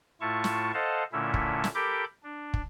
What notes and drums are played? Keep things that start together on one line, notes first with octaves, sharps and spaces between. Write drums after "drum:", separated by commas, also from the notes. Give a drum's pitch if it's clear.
A2 A3 E4 F4 A5 C#6
drum: snare
A4 C5 D#5 F5 F#5 A5
A#2 D3 A3 C#4 E4 E5
drum: kick
drum: snare
G4 A4 A#4 B5 D6 G6
D4
drum: kick